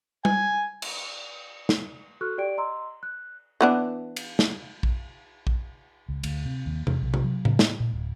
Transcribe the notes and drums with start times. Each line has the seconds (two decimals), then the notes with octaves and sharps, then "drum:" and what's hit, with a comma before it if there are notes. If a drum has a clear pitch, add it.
0.25 G#5, drum: tom G3
0.82 drum: cymbal
1.69 drum: snare
2.21 F#4 A4 C#6 F6 F#6
2.38 G4 D5 G5 D7
2.58 D#5 A#5 C6 E6
3.03 F#6
3.61 E3 B3 D4
4.16 drum: cymbal
4.39 drum: snare
4.83 drum: kick A#1
5.47 drum: kick A#1
6.08 C#2
6.23 D2, drum: cymbal
6.45 C3
6.66 D#2
6.87 E2, drum: tom C3
7.01 B1
7.14 drum: tom C3
7.24 F#3
7.45 C#3, drum: tom A2
7.59 G#3, drum: snare
7.80 A#2
7.93 D1